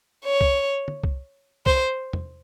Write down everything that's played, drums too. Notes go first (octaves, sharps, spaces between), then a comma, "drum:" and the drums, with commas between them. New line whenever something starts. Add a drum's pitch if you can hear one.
C#5
drum: kick C2
drum: tom
drum: kick C2
C5, drum: kick C2
drum: tom